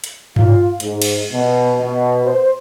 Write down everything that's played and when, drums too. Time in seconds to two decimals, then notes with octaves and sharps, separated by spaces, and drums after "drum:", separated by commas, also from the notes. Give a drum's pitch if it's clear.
0.04 drum: hi-hat
0.36 F4, drum: tom G2
0.80 G#2, drum: hi-hat
1.02 drum: cymbal
1.31 B2
1.79 B2
2.25 C5